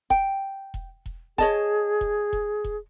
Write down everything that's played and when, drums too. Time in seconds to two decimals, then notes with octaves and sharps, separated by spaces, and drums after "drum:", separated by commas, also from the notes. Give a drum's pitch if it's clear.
0.10 G5, drum: kick E1
0.74 drum: kick E1
1.06 drum: kick E1
1.38 G#4 C#5 D#5 A5, drum: kick E1
2.01 drum: kick E1
2.33 drum: kick E1
2.64 drum: kick E1